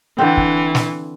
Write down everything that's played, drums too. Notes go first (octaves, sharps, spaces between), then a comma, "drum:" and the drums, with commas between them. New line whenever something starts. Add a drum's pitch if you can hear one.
D3 E3 C4
drum: kick
drum: snare